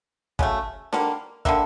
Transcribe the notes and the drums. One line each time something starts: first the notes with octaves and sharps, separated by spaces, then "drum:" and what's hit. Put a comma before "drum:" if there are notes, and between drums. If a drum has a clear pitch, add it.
C#3 F#3 A3, drum: kick
D3 G3 A#3, drum: snare D4
D3 G3 A#3 E5, drum: kick